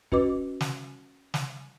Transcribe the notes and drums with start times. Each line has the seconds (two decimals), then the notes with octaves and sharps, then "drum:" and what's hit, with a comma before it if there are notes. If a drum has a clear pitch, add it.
0.12 C#4 F#4 B4 D#5 D6, drum: kick
0.61 drum: snare
1.34 drum: snare